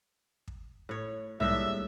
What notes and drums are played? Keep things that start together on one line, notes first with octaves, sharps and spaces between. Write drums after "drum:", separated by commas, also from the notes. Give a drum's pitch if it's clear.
drum: kick
A2 C#5
A2 D#3 G3 G#3 A#3 D4 E5, drum: tom